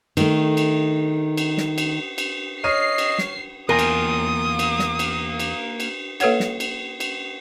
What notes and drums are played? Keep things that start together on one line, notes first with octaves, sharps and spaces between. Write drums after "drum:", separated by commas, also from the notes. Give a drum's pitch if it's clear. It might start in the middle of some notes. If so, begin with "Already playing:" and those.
D#3 A3, drum: cymbal
drum: cymbal
drum: cymbal
drum: snare
drum: cymbal
drum: cymbal
C#5 D#5 F6 C7 D#7
drum: cymbal
drum: snare
E2 A#3 F4 A#4 G5 G#5 D#6
drum: cymbal
drum: cymbal
drum: snare
drum: cymbal
drum: cymbal
drum: cymbal
A#3 A4 B4 C#5 F#5, drum: cymbal
drum: snare
drum: cymbal
drum: cymbal